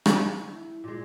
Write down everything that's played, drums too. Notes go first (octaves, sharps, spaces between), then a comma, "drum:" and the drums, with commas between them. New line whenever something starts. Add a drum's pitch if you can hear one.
drum: rim click
E4
A#2 G#3